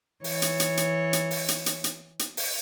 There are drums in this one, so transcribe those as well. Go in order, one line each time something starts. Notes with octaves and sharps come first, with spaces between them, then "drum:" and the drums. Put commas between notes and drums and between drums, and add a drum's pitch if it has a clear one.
E3 C#5, drum: open hi-hat
drum: hi-hat
drum: hi-hat
drum: hi-hat
drum: hi-hat
drum: open hi-hat
drum: hi-hat
drum: hi-hat
drum: hi-hat
drum: hi-hat
drum: open hi-hat